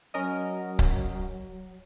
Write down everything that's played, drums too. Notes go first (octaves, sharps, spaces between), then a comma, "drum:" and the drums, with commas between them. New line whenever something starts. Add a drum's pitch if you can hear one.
F#3 C#4 A#4 D#5
drum: kick C#1